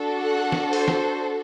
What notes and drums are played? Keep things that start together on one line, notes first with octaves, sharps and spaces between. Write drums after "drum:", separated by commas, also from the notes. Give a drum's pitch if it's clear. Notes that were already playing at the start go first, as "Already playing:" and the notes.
Already playing: D4 F#4 A4
F#5
drum: snare
C5, drum: open hi-hat
drum: snare